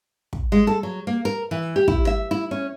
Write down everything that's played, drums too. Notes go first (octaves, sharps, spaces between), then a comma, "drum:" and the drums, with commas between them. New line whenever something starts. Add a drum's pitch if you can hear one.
drum: kick
G#3
A4
F#3
A#3
A#4
E3
G4
E4, drum: kick
E5
E4
C#4